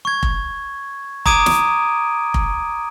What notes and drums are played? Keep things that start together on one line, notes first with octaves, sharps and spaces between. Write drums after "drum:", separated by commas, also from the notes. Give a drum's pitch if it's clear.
C#6 G#6
drum: kick F1
A#5 D6 D#6 G#6 D7 D#7, drum: kick F1
drum: snare
drum: kick F1